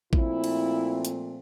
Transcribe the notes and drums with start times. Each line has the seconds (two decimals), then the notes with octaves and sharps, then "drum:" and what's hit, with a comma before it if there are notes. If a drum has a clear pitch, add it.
0.13 A#2 F3 A3 C4 E4, drum: kick A1
0.44 drum: cymbal
1.05 drum: hi-hat